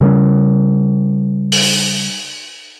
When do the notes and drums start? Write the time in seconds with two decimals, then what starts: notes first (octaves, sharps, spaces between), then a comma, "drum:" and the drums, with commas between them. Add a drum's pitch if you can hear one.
0.01 C#3 G3 G#3 C#4
1.52 drum: open hi-hat